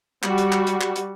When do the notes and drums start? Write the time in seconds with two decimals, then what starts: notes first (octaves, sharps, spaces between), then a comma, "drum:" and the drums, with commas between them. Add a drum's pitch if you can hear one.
0.23 G3 F#4, drum: clap
0.38 drum: hi-hat
0.52 drum: clap
0.67 drum: hi-hat
0.81 drum: clap
0.96 drum: hi-hat